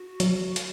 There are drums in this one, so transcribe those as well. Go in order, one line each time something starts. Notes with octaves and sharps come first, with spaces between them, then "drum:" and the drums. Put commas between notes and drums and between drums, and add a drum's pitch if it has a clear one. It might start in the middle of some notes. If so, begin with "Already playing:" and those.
Already playing: F#4
F#3, drum: hi-hat
drum: hi-hat